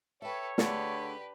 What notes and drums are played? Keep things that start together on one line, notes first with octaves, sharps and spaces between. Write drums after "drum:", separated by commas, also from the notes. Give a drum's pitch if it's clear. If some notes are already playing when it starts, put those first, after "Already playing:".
A4 B4 C#5 E5 G5
D3 A3 D4 G4 G#4 B4, drum: snare